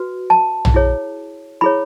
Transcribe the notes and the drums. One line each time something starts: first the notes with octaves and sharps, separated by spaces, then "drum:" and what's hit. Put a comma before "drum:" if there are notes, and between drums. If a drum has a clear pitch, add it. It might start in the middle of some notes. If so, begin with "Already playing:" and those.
Already playing: F#4 B4
A5
drum: tom A#1
E4 G#4 C#5
E4 G#4 C#5 B5